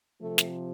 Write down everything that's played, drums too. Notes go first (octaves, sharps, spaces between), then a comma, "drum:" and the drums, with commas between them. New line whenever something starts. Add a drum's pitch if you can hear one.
C3 F3 A3
drum: snare